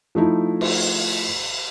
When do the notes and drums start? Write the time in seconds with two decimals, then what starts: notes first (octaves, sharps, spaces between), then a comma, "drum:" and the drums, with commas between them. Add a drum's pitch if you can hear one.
0.15 F3 A3 D#4 E4
0.61 drum: cymbal